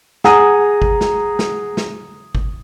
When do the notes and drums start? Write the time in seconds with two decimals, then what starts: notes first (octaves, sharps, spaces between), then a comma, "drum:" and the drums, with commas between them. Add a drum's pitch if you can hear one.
0.24 G#4 F#5 G#5 A#5 D#6, drum: snare
0.82 drum: kick G#1
1.01 drum: snare
1.39 drum: snare
1.77 drum: snare
2.35 drum: kick G#1